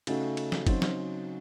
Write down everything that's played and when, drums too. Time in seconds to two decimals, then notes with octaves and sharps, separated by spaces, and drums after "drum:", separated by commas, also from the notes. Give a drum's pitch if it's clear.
0.07 C#3 A3 D#4 F#4, drum: cymbal
0.37 drum: cymbal
0.52 drum: snare
0.67 C#3 F#3 C4 D#4 F#4, drum: kick F#1, cymbal
0.82 drum: snare